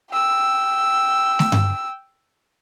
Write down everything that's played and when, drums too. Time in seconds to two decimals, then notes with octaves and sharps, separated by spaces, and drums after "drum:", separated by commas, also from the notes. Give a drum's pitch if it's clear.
0.11 G5 E6
1.39 drum: snare A3
1.52 drum: tom G2